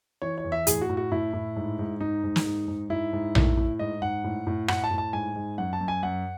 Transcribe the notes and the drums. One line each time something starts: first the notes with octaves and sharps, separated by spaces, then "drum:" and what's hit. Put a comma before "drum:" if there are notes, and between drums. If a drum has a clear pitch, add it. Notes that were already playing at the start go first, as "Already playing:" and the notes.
E3 C#5
C#5
E2
E5
A2 G#4, drum: hi-hat
F#4
A2
F#4
A2 E4
A2
G#2
G#2
G#2 D#4
G#2
drum: snare
G#2
G#2
G#2 E4
G#2
A2, drum: tom A#1
A2
G#2 D#5
G#2 F#5
A2
A2
A2 F#5, drum: rim click
A5
A2
A5
G#2 G#5
G#2
F#2 F#5
A5
F#2
G#5
F#2 F#5